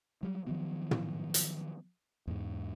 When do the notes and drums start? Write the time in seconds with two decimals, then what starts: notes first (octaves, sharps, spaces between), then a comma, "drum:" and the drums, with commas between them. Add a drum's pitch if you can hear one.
0.23 F#3 G3
0.47 D#3 F3 F#3 B3
0.91 drum: tom
1.34 drum: hi-hat
2.27 E2 G#2